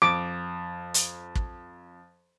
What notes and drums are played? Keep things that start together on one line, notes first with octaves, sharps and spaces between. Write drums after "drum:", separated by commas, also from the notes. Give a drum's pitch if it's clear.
F2 D6
drum: hi-hat
drum: kick